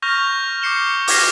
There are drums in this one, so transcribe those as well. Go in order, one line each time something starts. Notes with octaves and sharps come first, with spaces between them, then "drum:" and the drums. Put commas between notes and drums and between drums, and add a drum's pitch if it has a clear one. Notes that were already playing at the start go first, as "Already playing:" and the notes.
C#6 F6 G6 A#6 F7
D6 G6 C7 C#7 E7 G7
D6 F6 G#6 A#6 C7, drum: open hi-hat